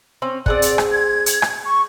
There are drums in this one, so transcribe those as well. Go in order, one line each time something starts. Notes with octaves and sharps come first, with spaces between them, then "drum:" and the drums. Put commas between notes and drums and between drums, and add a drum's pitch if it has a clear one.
C4 C#4
C4 G#4 D5 F#5, drum: kick
drum: hi-hat
drum: rim click
G#6
drum: hi-hat
drum: rim click
C#6